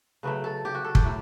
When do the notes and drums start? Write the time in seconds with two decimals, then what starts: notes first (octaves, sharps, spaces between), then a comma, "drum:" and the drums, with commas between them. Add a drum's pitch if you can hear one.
0.23 C#3 F#3 A3 B4
0.44 A4
0.65 G4
0.75 F#4
0.84 A4
0.95 G4, drum: kick
1.04 A2 F#3 A3